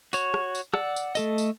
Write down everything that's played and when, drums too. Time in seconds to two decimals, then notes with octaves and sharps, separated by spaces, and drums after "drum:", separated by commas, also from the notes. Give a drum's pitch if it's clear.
0.13 F#4 C#5, drum: tambourine
0.34 drum: rim click
0.55 drum: tambourine
0.74 D5 F#5 E6, drum: rim click
0.96 drum: tambourine
1.15 A3 A4 D#5, drum: tambourine
1.38 drum: tambourine